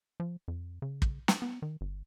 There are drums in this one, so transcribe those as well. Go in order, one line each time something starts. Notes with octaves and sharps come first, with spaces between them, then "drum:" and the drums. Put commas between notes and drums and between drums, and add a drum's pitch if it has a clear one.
F3
F2
C#3
drum: kick
drum: snare
B3
D#3
G1